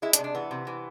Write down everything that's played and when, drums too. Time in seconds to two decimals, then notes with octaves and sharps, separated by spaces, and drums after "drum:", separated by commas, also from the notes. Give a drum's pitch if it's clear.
0.02 G#3 E4
0.13 D4, drum: hi-hat
0.18 C3
0.24 D4
0.35 E3 B3
0.51 C3
0.67 E3